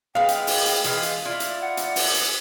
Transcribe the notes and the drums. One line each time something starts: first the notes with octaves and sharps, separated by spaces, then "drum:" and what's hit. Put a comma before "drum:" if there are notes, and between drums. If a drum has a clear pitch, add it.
G#3 B3 F5 G5
drum: hi-hat
drum: open hi-hat
drum: hi-hat
E3 G#3 F4, drum: hi-hat
drum: hi-hat
E4 F4 D5
drum: hi-hat
F#5
drum: hi-hat
drum: open hi-hat
drum: hi-hat